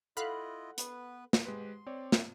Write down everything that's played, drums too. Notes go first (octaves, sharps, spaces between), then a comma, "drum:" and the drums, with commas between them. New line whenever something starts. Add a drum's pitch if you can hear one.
E4 F4 A4 D#5 F5 F#5 B5 F#6
B3 B4, drum: hi-hat
drum: snare
G#3 G4 B4 C6
C4 C#5 D5
drum: snare